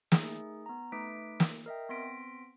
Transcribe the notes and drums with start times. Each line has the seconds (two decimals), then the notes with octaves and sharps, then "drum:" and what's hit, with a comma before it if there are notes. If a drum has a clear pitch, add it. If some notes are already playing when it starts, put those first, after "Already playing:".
0.12 A3 D#4 G#4 A#4, drum: snare
0.66 B3 A#5
0.92 A3 D#4 B4 D6 B6 D7
1.40 drum: snare
1.66 A#4 D#5 E5 G5
1.89 B3 C4 C6 A#6 B6 D7